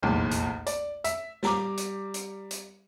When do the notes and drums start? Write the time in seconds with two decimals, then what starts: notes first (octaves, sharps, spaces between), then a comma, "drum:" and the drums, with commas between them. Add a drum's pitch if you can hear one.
0.03 F1 B1 E2 A#2
0.31 drum: hi-hat
0.67 D5, drum: hi-hat
1.04 E5, drum: hi-hat
1.43 G3 A#5 D6, drum: snare
1.77 drum: hi-hat
2.14 drum: hi-hat
2.51 drum: hi-hat